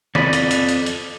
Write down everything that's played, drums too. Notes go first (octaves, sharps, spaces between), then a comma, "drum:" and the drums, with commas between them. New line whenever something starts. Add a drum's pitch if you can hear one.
F2 D5 D#5 B5, drum: snare
drum: hi-hat
drum: hi-hat
drum: hi-hat
drum: hi-hat